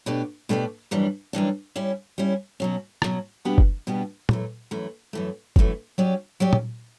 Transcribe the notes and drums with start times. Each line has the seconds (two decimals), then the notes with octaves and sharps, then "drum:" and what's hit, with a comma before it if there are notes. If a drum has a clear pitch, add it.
0.06 B2 A3 D4 G4 D5
0.49 B2 A3 D4 G4 D5
0.91 F#2 E3 G3 D4
1.33 F#2 E3 G3 D4
1.76 G3 C#4 E4
2.18 G3 C#4 E4
2.60 B2 F#3 C#4
3.02 B2 F#3 C#4, drum: rim click
3.45 B2 G3 B3 D4 G4
3.58 drum: kick F#1
3.87 B2 G3 B3 D4 G4
4.29 F#2 E3 A3, drum: tom
4.71 F#2 E3 A3
5.13 F#2 E3 A3
5.56 F#2 E3 A3, drum: kick F#1
5.98 F#3 C#4 G4 D5
6.40 F#3 C#4 G4 D5
6.53 drum: tom